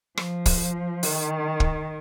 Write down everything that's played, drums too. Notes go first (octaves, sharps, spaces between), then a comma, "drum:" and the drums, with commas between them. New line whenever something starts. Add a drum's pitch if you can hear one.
F3, drum: rim click
drum: kick, open hi-hat
D#3, drum: open hi-hat
drum: kick